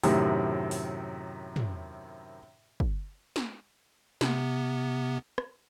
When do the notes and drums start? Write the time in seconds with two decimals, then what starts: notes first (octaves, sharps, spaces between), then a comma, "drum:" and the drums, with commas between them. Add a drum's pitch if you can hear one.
0.04 F#2 A2 C3 D#3, drum: open hi-hat
0.71 drum: open hi-hat
1.56 drum: tom
2.80 drum: kick
3.36 drum: snare
4.21 C3 B3, drum: snare
5.38 drum: rim click